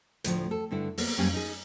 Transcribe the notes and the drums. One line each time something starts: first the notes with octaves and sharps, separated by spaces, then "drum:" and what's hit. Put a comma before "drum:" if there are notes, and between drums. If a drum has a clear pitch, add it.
D2 A2 F3 A3, drum: hi-hat
A4
G2 D3 E4
A#3 B3 A#4, drum: open hi-hat
F#2 G3 A#3 C#4 G4 F5
D#4 G#4